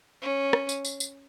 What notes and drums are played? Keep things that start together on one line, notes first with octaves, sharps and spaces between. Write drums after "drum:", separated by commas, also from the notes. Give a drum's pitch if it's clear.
C#4
drum: rim click
drum: tambourine
drum: tambourine
drum: tambourine